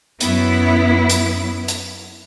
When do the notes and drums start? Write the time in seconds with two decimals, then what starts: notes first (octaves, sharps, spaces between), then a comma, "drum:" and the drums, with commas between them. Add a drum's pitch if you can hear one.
0.20 F#2 B3 E4, drum: hi-hat
1.09 drum: hi-hat
1.68 drum: hi-hat